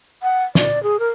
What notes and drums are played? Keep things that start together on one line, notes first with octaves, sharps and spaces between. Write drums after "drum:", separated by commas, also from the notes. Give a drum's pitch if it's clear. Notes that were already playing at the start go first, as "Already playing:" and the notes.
F#5
D5, drum: snare
G#4
A#4